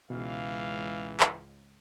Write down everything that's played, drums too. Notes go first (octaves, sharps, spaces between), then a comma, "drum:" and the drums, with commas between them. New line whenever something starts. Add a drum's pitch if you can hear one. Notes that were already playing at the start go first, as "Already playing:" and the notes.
C#2 G#2 B2 E3 F5
drum: clap